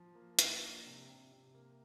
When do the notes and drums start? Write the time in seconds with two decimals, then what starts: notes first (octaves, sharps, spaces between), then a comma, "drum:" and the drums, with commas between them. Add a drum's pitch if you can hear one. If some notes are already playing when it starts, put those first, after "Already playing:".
Already playing: F3
0.15 A#3
0.39 A#3, drum: hi-hat
0.62 D4
0.85 C3
1.08 C3
1.32 C3
1.55 A#3